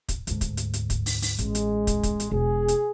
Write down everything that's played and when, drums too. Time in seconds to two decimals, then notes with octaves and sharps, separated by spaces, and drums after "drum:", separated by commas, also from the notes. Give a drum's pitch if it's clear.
0.09 drum: kick, hi-hat
0.27 D2 G#2, drum: hi-hat
0.41 drum: kick, hi-hat
0.57 drum: hi-hat
0.73 drum: hi-hat
0.90 drum: kick, hi-hat
1.06 drum: open hi-hat
1.22 drum: open hi-hat
1.38 A1 G#3, drum: hi-hat
1.55 drum: hi-hat
1.87 drum: kick, hi-hat
2.03 drum: kick, hi-hat
2.20 drum: hi-hat
2.31 E1 G#4
2.68 drum: hi-hat